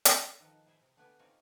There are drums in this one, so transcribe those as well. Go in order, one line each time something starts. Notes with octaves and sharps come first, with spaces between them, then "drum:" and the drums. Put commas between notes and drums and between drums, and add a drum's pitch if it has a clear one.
drum: hi-hat
D#3 F3 D#4 A4 B4
E4 G#4 C5 E5
C3
D3 A3 B3 G4 B4 G#5
C4 D#4 F4 C#5 D5 G#5